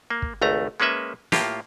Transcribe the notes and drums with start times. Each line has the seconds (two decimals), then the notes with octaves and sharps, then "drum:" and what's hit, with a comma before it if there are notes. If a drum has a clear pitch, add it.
0.10 A#3
0.22 drum: kick
0.42 G#1 C#2 A3 A#5
0.80 G#3 A#3 C#4 B4 E5
1.32 A2 A#3 F4 G4, drum: snare